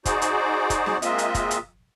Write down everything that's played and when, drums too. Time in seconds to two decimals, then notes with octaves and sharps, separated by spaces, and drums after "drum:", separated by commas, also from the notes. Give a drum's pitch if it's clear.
0.05 D#4 F#4 G#4 C5 D5, drum: kick, hi-hat
0.22 drum: hi-hat
0.70 drum: kick, hi-hat
0.86 drum: snare
1.02 G#3 A#3 C4 F4 D#5 E5, drum: hi-hat
1.18 drum: hi-hat
1.35 drum: kick, hi-hat
1.51 drum: hi-hat